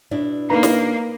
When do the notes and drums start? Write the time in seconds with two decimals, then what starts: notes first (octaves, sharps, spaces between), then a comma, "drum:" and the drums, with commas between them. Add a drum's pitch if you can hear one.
0.11 B2 D4 E4
0.50 A#3 D#4 B4 A#5
0.63 drum: snare